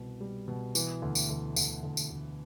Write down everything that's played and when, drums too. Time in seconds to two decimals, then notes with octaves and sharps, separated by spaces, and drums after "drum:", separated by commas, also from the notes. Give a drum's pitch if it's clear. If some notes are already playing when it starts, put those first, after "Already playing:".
Already playing: C2 B2 C4
0.21 G3
0.48 B2
0.75 E3, drum: tambourine
1.02 D2
1.15 drum: tambourine
1.30 D2
1.56 D2, drum: tambourine
1.83 D2
1.97 drum: tambourine
2.10 D2